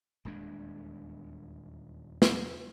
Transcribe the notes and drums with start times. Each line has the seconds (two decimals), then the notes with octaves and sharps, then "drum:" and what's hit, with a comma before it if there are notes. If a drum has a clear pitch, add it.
0.25 D#1 E2 G#3 D4
2.22 drum: snare